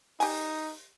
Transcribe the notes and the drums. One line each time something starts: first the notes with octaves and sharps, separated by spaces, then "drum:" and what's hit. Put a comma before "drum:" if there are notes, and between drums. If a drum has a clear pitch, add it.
D#4 G4 G#5, drum: open hi-hat